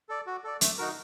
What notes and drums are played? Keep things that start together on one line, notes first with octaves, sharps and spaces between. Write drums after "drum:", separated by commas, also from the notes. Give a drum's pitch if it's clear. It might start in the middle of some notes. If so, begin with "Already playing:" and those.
A4 D5
F#4
A4 D5
A3, drum: hi-hat
D#4 F#4 A#4